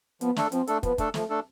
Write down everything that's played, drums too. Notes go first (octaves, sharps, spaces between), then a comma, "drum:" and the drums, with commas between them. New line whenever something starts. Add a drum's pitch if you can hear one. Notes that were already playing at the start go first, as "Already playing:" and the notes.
F3 B3, drum: hi-hat
A3 D4 A4, drum: snare
F3 C4, drum: hi-hat
A3 D4 A4, drum: hi-hat
F3 B3, drum: kick, hi-hat
A3 D4 A4, drum: kick, hi-hat
F3 A3, drum: snare
A3 D4 A4